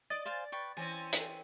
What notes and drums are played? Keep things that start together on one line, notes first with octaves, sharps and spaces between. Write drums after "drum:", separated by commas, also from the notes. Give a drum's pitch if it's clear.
D5 D#5 A6
C5 F5 G#5
B4 G5 C#6
E3 C4 C#4 G#5
drum: hi-hat